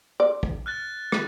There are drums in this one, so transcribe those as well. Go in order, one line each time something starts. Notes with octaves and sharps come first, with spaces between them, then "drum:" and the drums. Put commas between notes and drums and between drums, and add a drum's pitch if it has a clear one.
D5
drum: kick
F6 F#6 A6
drum: rim click